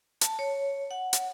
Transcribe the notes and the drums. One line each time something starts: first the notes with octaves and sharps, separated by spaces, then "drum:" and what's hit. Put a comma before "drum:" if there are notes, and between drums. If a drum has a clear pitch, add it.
A5, drum: hi-hat
C#5
F#5
drum: hi-hat